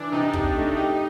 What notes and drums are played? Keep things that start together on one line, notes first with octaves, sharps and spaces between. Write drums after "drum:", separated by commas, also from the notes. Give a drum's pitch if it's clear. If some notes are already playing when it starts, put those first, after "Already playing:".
Already playing: E3 D4
C3 D#4
G4, drum: kick
A3
D#4 G4